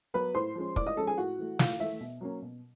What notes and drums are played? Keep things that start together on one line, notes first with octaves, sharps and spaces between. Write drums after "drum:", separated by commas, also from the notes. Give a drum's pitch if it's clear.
F#3 B3 B4 B5
A2 C5 C6
F3 G#3 C#4
A2 D5 D6, drum: kick
D#5 D#6
F3 G#3 C#4 A4 A5
G#4 G#5
A2 F#4 F#5
E3 A3
A2 F4 F5, drum: snare
E3 A3 E5
B2
F#3 A#3 C#4
B2